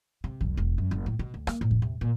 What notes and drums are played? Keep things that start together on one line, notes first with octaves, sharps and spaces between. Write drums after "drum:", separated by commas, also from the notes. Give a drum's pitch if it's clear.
C3
B1, drum: kick E2
E1
F#2
F#1
A2
B2
D2
A#3, drum: rim click
A2
drum: kick E2
C3
A#2